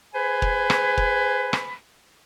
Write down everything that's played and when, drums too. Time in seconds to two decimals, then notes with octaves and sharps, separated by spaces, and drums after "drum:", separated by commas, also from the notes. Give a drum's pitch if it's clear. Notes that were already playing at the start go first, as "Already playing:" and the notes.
0.14 G#4 B4 C5 G#5 B5
0.42 drum: kick
0.70 drum: rim click
0.97 drum: kick
1.53 drum: rim click